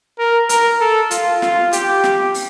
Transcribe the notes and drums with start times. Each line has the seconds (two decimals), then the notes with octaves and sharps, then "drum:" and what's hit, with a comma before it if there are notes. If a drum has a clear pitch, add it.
0.19 A#4
0.49 A#4, drum: hi-hat
0.80 A4
1.11 F4, drum: hi-hat
1.42 F4, drum: snare
1.73 G4, drum: hi-hat
2.04 drum: snare
2.34 drum: open hi-hat